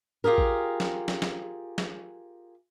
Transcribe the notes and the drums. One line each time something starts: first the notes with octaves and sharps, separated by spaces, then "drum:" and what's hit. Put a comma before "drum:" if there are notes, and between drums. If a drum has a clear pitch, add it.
F4 G4 G#4 A#4
drum: kick A#1
drum: snare
drum: snare
drum: snare
drum: snare